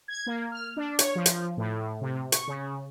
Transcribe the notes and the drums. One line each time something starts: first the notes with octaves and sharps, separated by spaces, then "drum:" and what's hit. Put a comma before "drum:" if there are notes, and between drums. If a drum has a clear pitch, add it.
G#6
A#3
F6
D4
C#5, drum: hi-hat
F3
drum: hi-hat
A2
C3
C#6, drum: hi-hat
C#3